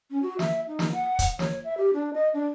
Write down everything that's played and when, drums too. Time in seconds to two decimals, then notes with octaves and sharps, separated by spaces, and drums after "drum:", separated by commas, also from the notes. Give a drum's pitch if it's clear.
0.11 C#4
0.22 F#4
0.39 E5, drum: snare
0.68 D#4
0.79 drum: snare
0.92 F#5
1.19 drum: kick, hi-hat
1.39 C#5, drum: snare
1.64 E5
1.78 G4
1.94 D4
2.14 D#5
2.34 D4